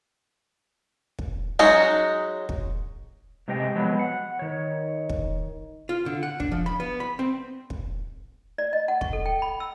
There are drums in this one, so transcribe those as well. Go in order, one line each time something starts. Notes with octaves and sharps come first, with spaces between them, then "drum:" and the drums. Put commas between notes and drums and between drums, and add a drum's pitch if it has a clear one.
drum: kick
F#3 G#3 C#4 D#4 F#4
drum: kick
C3 G#3 G4 C5 D#5 G5
F3 F#3 G#3 B3
F#5
D#3 C#5
drum: kick
F4
D3
F#5
D4, drum: kick
F3
B5
B3
B5
C4
drum: kick
D5
D#5
F#5
C#6, drum: kick
A4
G5
B5
E6